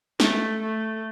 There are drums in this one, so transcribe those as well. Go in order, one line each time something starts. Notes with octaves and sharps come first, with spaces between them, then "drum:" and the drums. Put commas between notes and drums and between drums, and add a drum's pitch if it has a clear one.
A3, drum: snare
A3